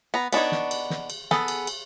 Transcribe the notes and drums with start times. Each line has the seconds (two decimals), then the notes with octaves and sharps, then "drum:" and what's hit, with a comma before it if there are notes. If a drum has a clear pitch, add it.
0.14 B3 A#5
0.33 B3 D4 D#4 C#5, drum: cymbal
0.52 drum: snare
0.71 drum: cymbal
0.90 drum: snare
1.10 drum: cymbal
1.31 B3 G#4 A4, drum: snare
1.48 drum: cymbal
1.67 drum: cymbal